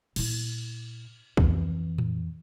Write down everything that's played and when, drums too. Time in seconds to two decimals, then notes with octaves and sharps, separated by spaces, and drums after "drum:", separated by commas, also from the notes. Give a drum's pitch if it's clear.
0.16 A#2 E4, drum: cymbal
1.37 F2 E3, drum: kick
1.98 drum: tom A2